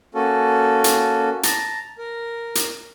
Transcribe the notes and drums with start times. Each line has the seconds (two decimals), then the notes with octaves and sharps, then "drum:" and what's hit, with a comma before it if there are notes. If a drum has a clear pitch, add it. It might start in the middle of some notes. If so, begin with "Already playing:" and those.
0.15 A#3 C#4 F#4 A4
0.84 drum: hi-hat
1.43 A5 A#5, drum: hi-hat
1.98 A#4
2.55 drum: hi-hat